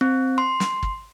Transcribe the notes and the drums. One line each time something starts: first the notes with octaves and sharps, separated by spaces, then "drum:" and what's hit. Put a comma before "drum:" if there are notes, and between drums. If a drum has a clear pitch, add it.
C4
C6
drum: snare
drum: kick